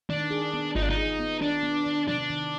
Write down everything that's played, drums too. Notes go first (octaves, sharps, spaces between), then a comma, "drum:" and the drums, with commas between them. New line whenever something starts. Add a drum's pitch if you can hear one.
D#3 D4
G#4
B3
D#4 F4, drum: kick G1
D4
D#4
G#4
B3
D#3 D4
B3
D#3
C3 D4, drum: tom
D#3